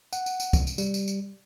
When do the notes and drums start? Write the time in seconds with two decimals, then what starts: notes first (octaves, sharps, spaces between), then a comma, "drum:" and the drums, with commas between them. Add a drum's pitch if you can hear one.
0.13 F#5, drum: tambourine
0.26 drum: tambourine
0.40 drum: tambourine
0.53 drum: kick, tambourine
0.67 drum: tambourine
0.78 G3, drum: tambourine
0.94 drum: tambourine
1.08 drum: tambourine